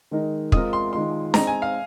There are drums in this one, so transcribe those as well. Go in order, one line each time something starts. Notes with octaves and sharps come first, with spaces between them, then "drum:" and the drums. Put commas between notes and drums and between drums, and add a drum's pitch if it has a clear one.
D#3 G#3 D#4 A#4
G#3 C4 F4 A#4 D#6, drum: kick
C6
D#3 G#3 F4 C6
G#3 C4 D#4 G#4 A#5, drum: snare D4
G#5
F5